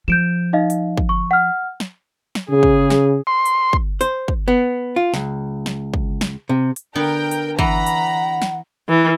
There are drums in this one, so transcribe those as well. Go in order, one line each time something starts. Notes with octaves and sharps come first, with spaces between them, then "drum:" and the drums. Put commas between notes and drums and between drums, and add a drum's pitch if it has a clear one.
F3 G6 D7 E7
D#4 D#5 F5
drum: hi-hat
drum: kick
C#6
F#5 F6
drum: snare
drum: snare
C#3 G#4
drum: kick
drum: snare
C6
drum: hi-hat
drum: kick
C5, drum: hi-hat
drum: kick
B3
F4
C#2, drum: snare
drum: snare
drum: kick
drum: snare
C3
drum: hi-hat
D3 B3 A#4 G5
drum: hi-hat
E3 F#5 A#5 B5, drum: kick
drum: hi-hat
drum: snare
E3